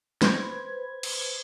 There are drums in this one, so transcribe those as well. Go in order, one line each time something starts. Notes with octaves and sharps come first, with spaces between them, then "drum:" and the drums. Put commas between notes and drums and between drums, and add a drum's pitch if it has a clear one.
B4 C5 B5 G#6, drum: snare
drum: cymbal